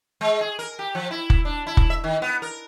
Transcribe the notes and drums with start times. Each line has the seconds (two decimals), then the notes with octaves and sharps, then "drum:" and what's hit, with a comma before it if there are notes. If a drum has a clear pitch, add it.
0.21 G#3
0.41 G#4
0.59 A#4
0.79 G4
0.95 F3
1.11 E4
1.30 drum: kick
1.45 D4
1.67 E4
1.77 drum: kick
1.90 E5
2.04 D#3
2.22 B3
2.42 A#4